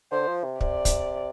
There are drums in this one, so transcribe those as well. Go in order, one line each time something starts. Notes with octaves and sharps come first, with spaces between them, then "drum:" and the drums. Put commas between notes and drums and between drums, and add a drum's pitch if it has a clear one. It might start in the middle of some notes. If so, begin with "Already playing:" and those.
D3 C5
F3
C3
C3 D5, drum: kick
drum: kick, hi-hat